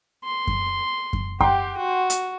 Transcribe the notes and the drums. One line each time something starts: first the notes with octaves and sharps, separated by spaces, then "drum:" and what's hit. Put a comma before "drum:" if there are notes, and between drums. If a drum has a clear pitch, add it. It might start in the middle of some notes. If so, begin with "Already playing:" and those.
C6
drum: kick F#2
drum: kick F#2
G4 F#5 G5 C6, drum: kick F#2
F#4
drum: hi-hat